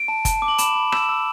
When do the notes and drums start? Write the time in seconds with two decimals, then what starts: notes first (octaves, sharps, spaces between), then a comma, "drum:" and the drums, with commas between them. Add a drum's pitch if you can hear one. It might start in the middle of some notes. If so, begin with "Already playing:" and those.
Already playing: D7
0.08 A5
0.25 A5, drum: kick, hi-hat
0.42 D6
0.48 F#7
0.58 B5 E7, drum: hi-hat
0.75 B5
0.92 E6 E7, drum: rim click
1.09 E6